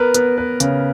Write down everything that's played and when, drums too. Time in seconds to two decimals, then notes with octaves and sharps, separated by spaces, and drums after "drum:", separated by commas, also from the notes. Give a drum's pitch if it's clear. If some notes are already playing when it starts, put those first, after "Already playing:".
Already playing: B3 A#4 B4
0.14 B3 B4, drum: hi-hat
0.38 B4
0.60 C#3, drum: hi-hat